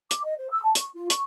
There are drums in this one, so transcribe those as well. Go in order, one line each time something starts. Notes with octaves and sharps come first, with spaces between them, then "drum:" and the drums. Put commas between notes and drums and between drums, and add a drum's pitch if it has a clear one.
D6, drum: hi-hat
D#5
C5
E6
A5
C#6, drum: hi-hat
F4
C#6, drum: hi-hat